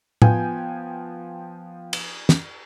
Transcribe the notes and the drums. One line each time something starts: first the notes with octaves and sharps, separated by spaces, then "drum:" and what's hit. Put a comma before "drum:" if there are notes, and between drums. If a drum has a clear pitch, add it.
F3 B3 G5 G#5 G6, drum: tom A2
drum: cymbal
drum: snare